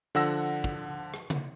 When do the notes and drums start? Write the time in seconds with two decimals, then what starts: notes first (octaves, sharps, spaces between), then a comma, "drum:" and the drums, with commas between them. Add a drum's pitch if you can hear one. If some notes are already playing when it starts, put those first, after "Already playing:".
0.15 D3 F3 F#5 E6 A#6
0.64 drum: kick
1.14 drum: rim click
1.30 drum: tom C#3